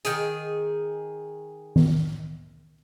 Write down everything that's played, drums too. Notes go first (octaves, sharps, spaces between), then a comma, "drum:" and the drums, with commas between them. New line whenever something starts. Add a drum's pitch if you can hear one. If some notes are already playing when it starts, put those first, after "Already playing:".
D#3 G#4, drum: hi-hat
drum: tom D#3